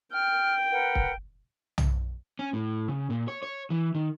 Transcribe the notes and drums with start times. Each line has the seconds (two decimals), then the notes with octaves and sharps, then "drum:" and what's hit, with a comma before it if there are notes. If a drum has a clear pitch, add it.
0.13 G5 F6
0.71 A#4 B4 F#5
0.95 drum: kick
1.78 drum: tom
2.39 C#4
2.53 A2
2.88 C#3
3.10 A#2
3.28 C#5
3.43 C#5
3.70 E3
3.95 D#3